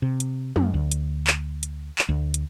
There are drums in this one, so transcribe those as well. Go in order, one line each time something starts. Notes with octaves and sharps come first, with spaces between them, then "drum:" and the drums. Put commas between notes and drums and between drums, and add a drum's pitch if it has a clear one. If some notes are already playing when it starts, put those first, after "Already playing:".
C3
drum: hi-hat
F#2, drum: tom
D2
drum: hi-hat
drum: clap
drum: hi-hat
drum: clap
D2
drum: hi-hat